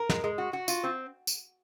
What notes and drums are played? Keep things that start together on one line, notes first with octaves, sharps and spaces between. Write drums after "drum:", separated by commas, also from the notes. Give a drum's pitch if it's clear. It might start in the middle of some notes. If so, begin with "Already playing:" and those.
Already playing: A#4
G#3, drum: snare
G#3
F#4
F#4
F4, drum: tambourine
C4
drum: tambourine